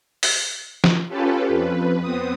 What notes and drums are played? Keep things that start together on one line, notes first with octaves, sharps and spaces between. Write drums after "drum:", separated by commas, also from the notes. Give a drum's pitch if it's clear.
drum: open hi-hat
drum: snare F3
C#4 F4 G4 A4 B4
F2 B4
B3 C4 D#6